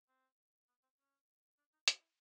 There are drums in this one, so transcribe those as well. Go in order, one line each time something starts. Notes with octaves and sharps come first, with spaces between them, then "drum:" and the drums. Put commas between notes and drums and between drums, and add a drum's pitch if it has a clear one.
C4
B3
C4
C#4
D4
D#4
E4, drum: hi-hat